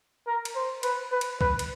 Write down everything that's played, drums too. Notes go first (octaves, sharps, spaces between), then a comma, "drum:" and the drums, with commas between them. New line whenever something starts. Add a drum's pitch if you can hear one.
A#4
drum: cymbal
C5
B4, drum: cymbal
B4
drum: cymbal
B4, drum: kick
drum: cymbal